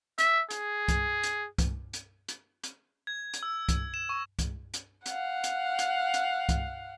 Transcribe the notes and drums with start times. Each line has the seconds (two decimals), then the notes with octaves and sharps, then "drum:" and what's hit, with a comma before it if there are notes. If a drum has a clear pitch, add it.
0.18 E5, drum: hi-hat
0.50 G#4, drum: hi-hat
0.88 drum: kick C2, hi-hat
1.23 drum: hi-hat
1.58 drum: kick C2, hi-hat
1.93 drum: hi-hat
2.28 drum: hi-hat
2.64 drum: hi-hat
3.07 G#6
3.34 drum: hi-hat
3.43 E6
3.69 drum: kick C2, hi-hat
3.94 E7
4.09 C#6
4.39 drum: kick C2, hi-hat
4.74 drum: hi-hat
5.06 F5 F#5, drum: hi-hat
5.44 drum: hi-hat
5.79 drum: hi-hat
6.14 drum: hi-hat
6.49 drum: kick C2, hi-hat